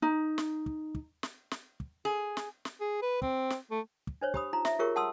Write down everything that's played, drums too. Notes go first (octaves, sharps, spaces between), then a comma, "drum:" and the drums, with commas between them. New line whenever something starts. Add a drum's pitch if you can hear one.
D#4
drum: snare
drum: kick
drum: kick
drum: snare
drum: snare
drum: kick
G#4
drum: snare
drum: snare
G#4
B4
C4, drum: kick
drum: snare
A3
drum: kick
D4 C5 C#5
G4 B5 D#6, drum: kick
D#4 F4 A#5
E5, drum: snare
F4 G4 G#4 A#4 C#5 C#6
F#5 A5 C6 D#6 E6